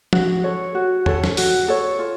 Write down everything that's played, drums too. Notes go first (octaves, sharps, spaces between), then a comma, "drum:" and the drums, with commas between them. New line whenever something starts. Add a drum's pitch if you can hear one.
F#4, drum: tom F3
A4 C#5
F#4
A4 C#5, drum: tom E2
drum: snare
F#4, drum: open hi-hat
A4 C#5
F4